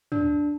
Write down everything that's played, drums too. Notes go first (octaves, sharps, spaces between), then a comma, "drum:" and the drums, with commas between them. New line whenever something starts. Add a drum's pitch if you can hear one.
D4, drum: tom